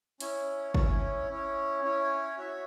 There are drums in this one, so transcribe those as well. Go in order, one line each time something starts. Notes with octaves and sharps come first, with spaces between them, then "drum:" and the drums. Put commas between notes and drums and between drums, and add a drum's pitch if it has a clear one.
C#4 E4 C#5, drum: hi-hat
C#4 E4 C#5, drum: kick
C#4 E4 C#5
C#4 E4 C#5
F#4 C#5 E5